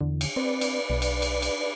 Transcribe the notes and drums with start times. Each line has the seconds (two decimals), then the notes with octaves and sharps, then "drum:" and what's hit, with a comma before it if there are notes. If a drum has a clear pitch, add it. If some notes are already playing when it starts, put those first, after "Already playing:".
0.01 E2 D3
0.21 drum: cymbal
0.36 C4 B4 D5
0.61 drum: cymbal
0.90 B1
1.02 drum: cymbal
1.22 drum: cymbal
1.42 drum: cymbal